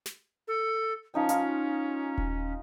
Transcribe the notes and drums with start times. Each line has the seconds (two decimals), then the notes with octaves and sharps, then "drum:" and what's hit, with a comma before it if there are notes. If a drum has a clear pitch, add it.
0.06 drum: snare
0.48 A4
1.14 F3 C#4 D#4 G5
1.29 D#4 F4 G#5, drum: hi-hat
2.18 drum: kick D#1